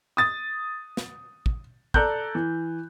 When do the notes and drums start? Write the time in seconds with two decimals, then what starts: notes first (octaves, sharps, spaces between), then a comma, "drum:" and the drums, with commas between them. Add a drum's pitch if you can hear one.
0.17 D#6 A6
0.97 drum: snare
1.46 drum: kick
1.94 A4 D5 A#5 F#6 G6, drum: kick
2.35 E3